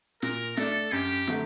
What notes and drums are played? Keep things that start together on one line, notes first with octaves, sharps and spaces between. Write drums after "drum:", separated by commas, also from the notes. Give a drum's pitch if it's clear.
A#2 A#4, drum: snare
A3 D4 A4, drum: snare
F#2 G4
D3 F#3 A3, drum: snare